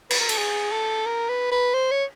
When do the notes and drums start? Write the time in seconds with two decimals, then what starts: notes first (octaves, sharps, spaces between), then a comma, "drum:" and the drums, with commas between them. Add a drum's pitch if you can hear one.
0.10 B4, drum: cymbal
0.20 A#4
0.29 A4, drum: cymbal
0.38 G#4
0.72 A4
1.06 A#4
1.29 B4
1.51 B4
1.74 C5
1.91 C#5